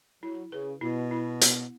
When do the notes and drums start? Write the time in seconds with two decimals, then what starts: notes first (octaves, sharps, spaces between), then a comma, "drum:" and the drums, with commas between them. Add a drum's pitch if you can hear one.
0.23 F#3 E4
0.52 C#3 B4
0.81 B2 E4
1.11 E4
1.41 B3, drum: hi-hat